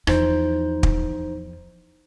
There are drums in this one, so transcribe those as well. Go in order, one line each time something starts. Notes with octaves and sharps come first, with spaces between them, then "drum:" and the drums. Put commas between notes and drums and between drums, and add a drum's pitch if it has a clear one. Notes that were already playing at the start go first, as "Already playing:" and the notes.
E2 F3 D#4 C5, drum: rim click
drum: kick